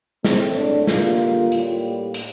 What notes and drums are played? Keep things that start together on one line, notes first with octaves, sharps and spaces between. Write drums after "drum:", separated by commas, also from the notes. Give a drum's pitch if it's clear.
A2 A3 C4, drum: snare
D4
D3 G3 A#3 F4, drum: snare
A2 G3 A#3, drum: hi-hat
G4
drum: hi-hat